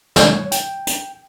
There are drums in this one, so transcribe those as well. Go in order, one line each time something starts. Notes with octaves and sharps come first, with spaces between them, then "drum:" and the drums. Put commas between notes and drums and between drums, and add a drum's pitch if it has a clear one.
C#5, drum: snare
G5, drum: hi-hat
drum: hi-hat